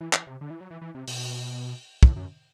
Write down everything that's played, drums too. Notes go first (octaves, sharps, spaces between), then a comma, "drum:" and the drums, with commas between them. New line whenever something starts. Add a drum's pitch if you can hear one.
E3
E3, drum: clap
C3
D3
E3
F#3
E3
E3
C3
B2, drum: open hi-hat
A2, drum: kick
F#2